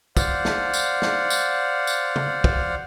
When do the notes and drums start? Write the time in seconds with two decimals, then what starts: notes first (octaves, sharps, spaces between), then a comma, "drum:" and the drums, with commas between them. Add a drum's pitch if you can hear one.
0.17 C5 D5 F5 F#5, drum: kick, tambourine
0.45 drum: snare
0.73 drum: tambourine
1.02 drum: snare
1.30 drum: tambourine
1.87 drum: tambourine
2.16 drum: tom
2.44 drum: kick